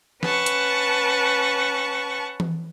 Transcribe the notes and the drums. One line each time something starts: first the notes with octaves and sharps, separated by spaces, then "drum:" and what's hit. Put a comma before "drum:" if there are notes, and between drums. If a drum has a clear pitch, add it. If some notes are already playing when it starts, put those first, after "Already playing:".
C#4 B4 F#5 A5 C#6, drum: snare
drum: hi-hat
drum: tom E3